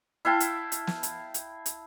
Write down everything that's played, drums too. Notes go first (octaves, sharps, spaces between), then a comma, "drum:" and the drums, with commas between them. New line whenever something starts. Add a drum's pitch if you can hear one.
E4 F5 G5 A5
drum: hi-hat
drum: hi-hat
drum: snare
drum: hi-hat
drum: hi-hat
drum: hi-hat